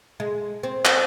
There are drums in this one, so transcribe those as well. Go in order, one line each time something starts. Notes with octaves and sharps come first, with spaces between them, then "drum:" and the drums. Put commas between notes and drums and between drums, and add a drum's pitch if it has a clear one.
G#3
C4
drum: clap